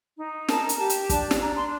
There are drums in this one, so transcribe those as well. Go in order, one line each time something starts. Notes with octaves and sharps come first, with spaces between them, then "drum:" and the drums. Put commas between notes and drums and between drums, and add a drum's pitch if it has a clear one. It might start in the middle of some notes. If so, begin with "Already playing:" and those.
D#4
A#4 A5, drum: snare
drum: hi-hat
G4 A5
drum: hi-hat
D4 A5, drum: kick, hi-hat
drum: snare
D4 A#5
C6